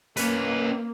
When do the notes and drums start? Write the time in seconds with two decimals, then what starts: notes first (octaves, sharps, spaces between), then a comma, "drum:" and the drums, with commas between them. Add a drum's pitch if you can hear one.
0.17 A#3 C#4 B4, drum: hi-hat